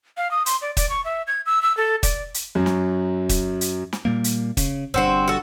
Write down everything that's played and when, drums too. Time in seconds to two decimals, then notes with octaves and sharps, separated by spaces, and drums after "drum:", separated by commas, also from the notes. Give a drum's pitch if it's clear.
0.17 F5
0.31 D#6
0.46 C6, drum: hi-hat
0.62 D5
0.77 D5, drum: kick, hi-hat
0.90 C#6
1.05 E5
1.27 G#6
1.46 E6
1.62 E6
1.77 A4
2.03 D5, drum: kick, hi-hat
2.34 drum: hi-hat
2.55 F#2 F#3
2.66 drum: snare
3.29 drum: kick, hi-hat
3.61 drum: hi-hat
3.93 drum: snare
4.05 A#2 G3 A#3
4.24 drum: hi-hat
4.57 C#3, drum: kick, hi-hat
4.94 G1 G2 C4 F#4 C5
5.28 F#4 A4